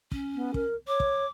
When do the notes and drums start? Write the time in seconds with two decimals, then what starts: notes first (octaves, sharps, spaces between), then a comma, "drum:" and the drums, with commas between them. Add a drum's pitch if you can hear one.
0.12 C#4, drum: kick
0.35 B3
0.54 A#4, drum: kick
0.88 C#5 D6
1.00 drum: kick